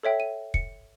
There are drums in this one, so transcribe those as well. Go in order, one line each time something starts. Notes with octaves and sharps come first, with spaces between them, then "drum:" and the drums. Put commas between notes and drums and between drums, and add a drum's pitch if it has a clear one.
A4 C#5 E5 G5
D#7
C#7, drum: kick